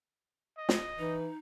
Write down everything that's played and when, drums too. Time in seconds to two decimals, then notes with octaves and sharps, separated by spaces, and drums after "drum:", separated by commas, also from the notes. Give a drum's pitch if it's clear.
0.58 D#5
0.69 drum: snare
0.98 E3 D#4